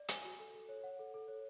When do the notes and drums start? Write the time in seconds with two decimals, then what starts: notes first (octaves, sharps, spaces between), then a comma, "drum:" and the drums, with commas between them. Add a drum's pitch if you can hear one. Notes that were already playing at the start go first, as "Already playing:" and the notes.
Already playing: D5
0.08 G#5, drum: hi-hat
0.24 F#4
0.39 A4
0.54 A4
0.69 C#5
0.84 F#5
0.99 A4
1.14 A4
1.28 C#5